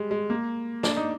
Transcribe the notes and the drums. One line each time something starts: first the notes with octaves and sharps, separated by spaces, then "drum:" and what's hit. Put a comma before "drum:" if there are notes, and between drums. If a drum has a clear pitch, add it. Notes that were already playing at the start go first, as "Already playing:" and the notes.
Already playing: G3 G#3
G#3
A#3
D4, drum: snare
D#4